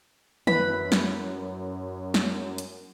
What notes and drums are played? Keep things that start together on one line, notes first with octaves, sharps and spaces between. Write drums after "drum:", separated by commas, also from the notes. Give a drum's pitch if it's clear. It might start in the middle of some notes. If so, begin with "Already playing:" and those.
F#2 E4 B4 B5, drum: tom
drum: snare
drum: snare
drum: hi-hat